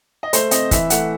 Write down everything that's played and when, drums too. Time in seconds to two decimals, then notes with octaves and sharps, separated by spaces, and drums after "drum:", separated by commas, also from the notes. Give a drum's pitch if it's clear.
0.23 D#5
0.33 A3 C5, drum: hi-hat
0.51 C4 D#5, drum: hi-hat
0.71 E3 E5, drum: kick, hi-hat
0.90 A3 F#5, drum: hi-hat